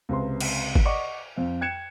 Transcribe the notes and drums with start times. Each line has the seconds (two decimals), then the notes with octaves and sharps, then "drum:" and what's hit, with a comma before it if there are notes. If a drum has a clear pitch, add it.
0.09 C#2 C3 B4 C6
0.40 drum: cymbal
0.76 drum: kick G#1
0.85 D5 D#5 F#5 C#6 D6
1.36 F2 F5
1.61 G5 F#6 G#6 C#7 E7